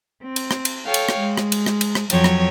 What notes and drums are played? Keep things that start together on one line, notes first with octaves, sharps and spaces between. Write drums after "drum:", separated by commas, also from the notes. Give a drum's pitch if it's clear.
C4
drum: cymbal
drum: rim click
drum: cymbal
A4 C#5 F5 G5
drum: cymbal
drum: rim click
G#3
drum: rim click
drum: cymbal
drum: rim click
drum: cymbal
drum: rim click
F2 F3 F#3 C#5 G5, drum: cymbal
drum: rim click